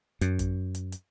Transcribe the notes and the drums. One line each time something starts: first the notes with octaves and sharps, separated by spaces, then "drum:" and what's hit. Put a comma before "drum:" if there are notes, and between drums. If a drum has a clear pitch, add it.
F#2, drum: hi-hat
drum: kick, hi-hat
drum: hi-hat
drum: hi-hat